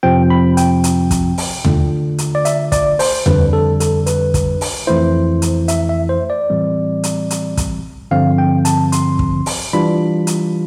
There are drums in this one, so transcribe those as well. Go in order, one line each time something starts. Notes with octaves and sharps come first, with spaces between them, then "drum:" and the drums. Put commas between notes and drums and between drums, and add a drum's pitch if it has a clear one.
F2 C3 F3 C4 G5
B5
G5, drum: hi-hat
drum: hi-hat
drum: kick, hi-hat
drum: open hi-hat
D3 A3 D4 F4, drum: tom D#2
drum: hi-hat
D5
E5, drum: hi-hat
D5, drum: kick, hi-hat
C5, drum: open hi-hat
F2 D3 G3 D4 B4, drum: tom D#2
A4
A4, drum: hi-hat
B4, drum: hi-hat
drum: kick, hi-hat
drum: open hi-hat
F2 E3 A3 E4 C5
drum: hi-hat
E5, drum: hi-hat
E5
C5
D5
A2 E3 G3 C4
drum: hi-hat
drum: hi-hat
drum: kick, hi-hat
G2 D3 F3 C4 F5
G5
A5, drum: hi-hat
C6, drum: hi-hat
drum: kick
drum: open hi-hat
E3 G3 D4 F4 B5
drum: hi-hat